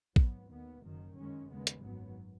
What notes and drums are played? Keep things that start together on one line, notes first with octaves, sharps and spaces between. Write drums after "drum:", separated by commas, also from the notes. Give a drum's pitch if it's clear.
G#2 F#3 B3, drum: kick A#1
D#2 D#3 B3
F#1 F#2 D#3
F#2 D#3 G#3 C#4
D#2 C#3 G#3 B3
drum: hi-hat
G#1 F#2 F#3 B3